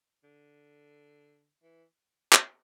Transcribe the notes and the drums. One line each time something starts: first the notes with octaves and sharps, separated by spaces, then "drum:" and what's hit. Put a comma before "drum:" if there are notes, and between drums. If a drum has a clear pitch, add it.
D3
E3
drum: clap